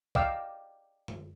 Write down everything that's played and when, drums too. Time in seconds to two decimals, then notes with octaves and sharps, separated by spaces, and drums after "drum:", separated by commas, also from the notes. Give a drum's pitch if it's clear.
0.15 D5 D#5 F5 G5 D6 E6, drum: kick A#1
1.08 drum: tom F#2